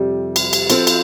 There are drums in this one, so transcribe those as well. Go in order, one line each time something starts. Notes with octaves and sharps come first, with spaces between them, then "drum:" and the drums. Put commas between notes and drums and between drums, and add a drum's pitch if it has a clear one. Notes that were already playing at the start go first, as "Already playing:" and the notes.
Already playing: F2 C3 G3
drum: cymbal
drum: cymbal
F3 C4 F4 A4 C5, drum: cymbal
drum: cymbal